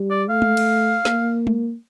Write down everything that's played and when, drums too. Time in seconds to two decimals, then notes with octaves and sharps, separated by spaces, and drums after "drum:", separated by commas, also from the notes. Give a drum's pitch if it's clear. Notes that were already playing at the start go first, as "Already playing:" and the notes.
Already playing: G3
0.10 D5
0.29 A3 F5
0.42 drum: tom
0.57 drum: cymbal
1.05 A#3, drum: snare
1.47 drum: tom